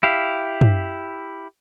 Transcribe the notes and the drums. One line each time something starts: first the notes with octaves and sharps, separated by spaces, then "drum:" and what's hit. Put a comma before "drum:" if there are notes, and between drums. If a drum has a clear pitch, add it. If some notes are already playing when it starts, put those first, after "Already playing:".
E4 G4 F5
drum: tom